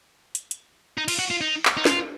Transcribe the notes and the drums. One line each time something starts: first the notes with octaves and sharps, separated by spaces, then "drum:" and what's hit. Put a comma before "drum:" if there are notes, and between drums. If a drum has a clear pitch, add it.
drum: hi-hat
drum: hi-hat
D#4
F4, drum: cymbal
F#4
F4
D#4
drum: clap
D#4
F4, drum: snare